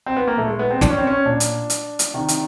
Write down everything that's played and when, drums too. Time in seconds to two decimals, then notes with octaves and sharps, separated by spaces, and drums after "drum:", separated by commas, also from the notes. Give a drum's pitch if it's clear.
0.06 C4
0.17 B3
0.27 A#3
0.37 A#2 A3
0.48 G#3
0.59 B3
0.71 C4
0.81 D4, drum: snare
0.90 C#4
0.98 C4
1.07 C#4
1.25 A#2 D4
1.40 drum: hi-hat
1.70 drum: hi-hat
1.99 drum: hi-hat
2.14 C3 D#3
2.28 drum: hi-hat